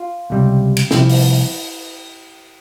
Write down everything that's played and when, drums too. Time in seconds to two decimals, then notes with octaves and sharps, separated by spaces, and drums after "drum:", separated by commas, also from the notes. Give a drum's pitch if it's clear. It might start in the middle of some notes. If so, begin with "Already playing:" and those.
Already playing: F4
0.30 C#2 C3 G3
0.77 drum: cymbal
0.91 C2 C3 F3 E4, drum: snare
1.09 drum: open hi-hat